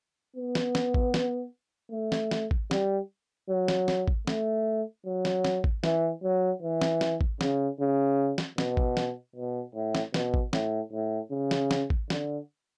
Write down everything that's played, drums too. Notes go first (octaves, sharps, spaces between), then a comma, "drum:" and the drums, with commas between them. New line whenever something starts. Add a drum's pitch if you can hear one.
B3
drum: snare
drum: snare
drum: kick G#1
drum: snare
A3
drum: snare
drum: snare
drum: kick G#1
G3, drum: snare
F#3
drum: snare
drum: snare
drum: kick G#1
A3, drum: snare
F#3
drum: snare
drum: snare
drum: kick G#1
E3, drum: snare
F#3
E3
drum: snare
drum: snare
drum: kick G#1
C#3, drum: snare
C#3
drum: snare
B2, drum: snare
drum: kick G#1
drum: snare
B2
A2
drum: snare
B2, drum: snare
drum: kick G#1
A2, drum: snare
A2
C#3
drum: snare
drum: snare
drum: kick G#1
D3, drum: snare